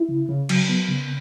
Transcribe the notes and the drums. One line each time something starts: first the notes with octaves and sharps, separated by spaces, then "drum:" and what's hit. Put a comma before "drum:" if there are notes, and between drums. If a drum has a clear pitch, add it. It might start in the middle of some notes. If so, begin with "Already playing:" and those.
Already playing: E4
C#3
C#3
F#3, drum: cymbal
B3
C#3